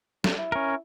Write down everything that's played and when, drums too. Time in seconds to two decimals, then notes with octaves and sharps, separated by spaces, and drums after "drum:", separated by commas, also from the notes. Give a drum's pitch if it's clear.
0.24 D3, drum: snare
0.38 E4
0.52 C#4 A#4